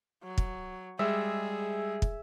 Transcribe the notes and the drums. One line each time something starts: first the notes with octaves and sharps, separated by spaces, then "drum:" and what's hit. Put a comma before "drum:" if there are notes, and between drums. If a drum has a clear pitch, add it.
F#3
drum: kick
G3 G#3 G#4 E5
drum: kick